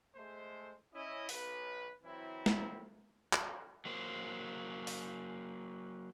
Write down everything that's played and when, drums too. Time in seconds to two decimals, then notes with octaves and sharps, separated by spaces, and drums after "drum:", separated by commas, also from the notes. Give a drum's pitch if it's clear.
0.16 G#3 A3 C5
0.94 C#4 E4 D#5
1.29 B1 B4, drum: open hi-hat
2.04 E3 F#3 C4 E4
2.46 drum: snare
3.33 drum: clap
3.85 F#3 A#3 C5
4.87 drum: open hi-hat